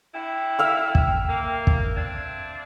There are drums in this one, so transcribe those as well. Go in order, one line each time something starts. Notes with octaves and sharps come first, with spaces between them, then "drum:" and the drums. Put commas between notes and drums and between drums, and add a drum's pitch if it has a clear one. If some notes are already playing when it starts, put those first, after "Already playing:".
D3 E4 G5
E5 F5 E6
drum: kick
A#3
drum: kick
C4 D4 G#6